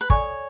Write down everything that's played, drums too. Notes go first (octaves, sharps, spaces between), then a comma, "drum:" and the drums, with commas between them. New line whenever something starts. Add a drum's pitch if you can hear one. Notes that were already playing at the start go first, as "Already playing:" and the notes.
B4
A4 C#5 D5 G#5, drum: kick